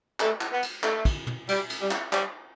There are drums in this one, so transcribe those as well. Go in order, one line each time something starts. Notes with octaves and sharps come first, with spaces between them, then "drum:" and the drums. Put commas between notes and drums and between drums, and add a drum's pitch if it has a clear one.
A3, drum: clap
drum: clap
B3
drum: cymbal
A3, drum: clap
drum: kick, cymbal
drum: tom
G3, drum: cymbal
drum: cymbal
G3
drum: clap
G3, drum: clap